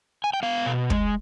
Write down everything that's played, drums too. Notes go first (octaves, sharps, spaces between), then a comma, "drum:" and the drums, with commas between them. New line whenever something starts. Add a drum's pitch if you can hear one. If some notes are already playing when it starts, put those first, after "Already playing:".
G#5
G5
B3 F5
B2
G#3, drum: kick